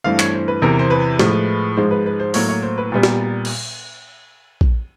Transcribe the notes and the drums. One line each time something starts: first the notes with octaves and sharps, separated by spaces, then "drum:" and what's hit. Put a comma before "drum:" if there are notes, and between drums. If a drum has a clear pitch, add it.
G2 E3 A3 C4 F5
C#5, drum: clap
C5
B4
E2 C3 E3 A#4
C5
B4
A2 F3 G#3, drum: snare
G#2 F3 G#3 C5
B4
B4
C5
A2 F#3 A#3 C#5, drum: open hi-hat
C#5
C5
B4
A#2 G3 B3
drum: snare
drum: cymbal
drum: kick A#1